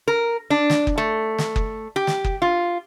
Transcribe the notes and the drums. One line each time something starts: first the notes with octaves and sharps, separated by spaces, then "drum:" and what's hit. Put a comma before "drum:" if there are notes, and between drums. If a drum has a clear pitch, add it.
A#4
D4
drum: snare
drum: kick F#1
A3
drum: snare
drum: kick F#1
G4
drum: snare
drum: kick F#1
F4